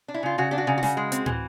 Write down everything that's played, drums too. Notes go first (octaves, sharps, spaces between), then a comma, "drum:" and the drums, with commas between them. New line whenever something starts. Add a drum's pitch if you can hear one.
D4
E4
C#3 F4
C#3 F#4
D4 G4
F#4
C#3
F#4
C#3, drum: snare
G#3
C4, drum: hi-hat
E3, drum: tom